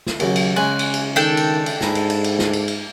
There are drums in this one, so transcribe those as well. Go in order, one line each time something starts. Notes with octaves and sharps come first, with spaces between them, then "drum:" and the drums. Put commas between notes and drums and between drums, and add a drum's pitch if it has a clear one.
drum: snare
D#2 C#3 F#3, drum: cymbal
drum: cymbal
C#3 G#3 C#4 F#5 G#5
drum: cymbal
drum: cymbal
D#3 D4 A4 G5
drum: cymbal
drum: cymbal
G#2 G#5 A#5 B5, drum: snare
drum: cymbal
drum: cymbal
drum: cymbal
drum: snare
drum: cymbal
drum: cymbal